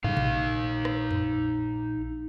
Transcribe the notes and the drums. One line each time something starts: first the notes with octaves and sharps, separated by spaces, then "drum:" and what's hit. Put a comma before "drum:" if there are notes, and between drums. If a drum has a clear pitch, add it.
A2 C#3 G3 D#4 F5
A#1, drum: tom B2
drum: rim click
drum: tom F2